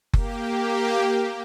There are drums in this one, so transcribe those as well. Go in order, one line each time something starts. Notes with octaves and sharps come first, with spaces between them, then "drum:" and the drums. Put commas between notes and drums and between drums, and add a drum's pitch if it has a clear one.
A#3 G4, drum: kick F#1